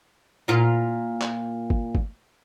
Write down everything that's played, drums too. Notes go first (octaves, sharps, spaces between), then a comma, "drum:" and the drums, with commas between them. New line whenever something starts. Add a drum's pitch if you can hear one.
A#2 F4
drum: clap
drum: kick
drum: kick